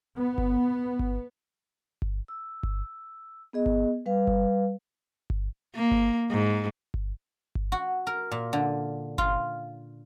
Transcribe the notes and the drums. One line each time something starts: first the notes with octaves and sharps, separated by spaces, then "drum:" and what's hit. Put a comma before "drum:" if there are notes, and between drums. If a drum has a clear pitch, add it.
B3
drum: kick G1
drum: kick G1
drum: kick G1
E6
drum: kick G1
B3 G#4 D#5
drum: kick G1
G3 B4 F5
drum: kick G1
drum: kick G1
A#3
drum: kick G1
G#2
drum: kick G1
drum: kick G1
F#4
A#4
A#2
D3
F4, drum: kick G1